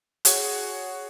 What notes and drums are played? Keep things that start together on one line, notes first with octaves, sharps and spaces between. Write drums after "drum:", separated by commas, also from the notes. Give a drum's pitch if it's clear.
F#4 G#4 C#5 F#5, drum: hi-hat